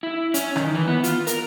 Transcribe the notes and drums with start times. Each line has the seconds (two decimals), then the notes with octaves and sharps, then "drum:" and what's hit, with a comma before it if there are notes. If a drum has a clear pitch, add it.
0.03 E4
0.34 C#4, drum: hi-hat
0.56 D#3, drum: rim click
0.75 E3
0.87 B3
1.04 F4, drum: hi-hat
1.27 A#4, drum: hi-hat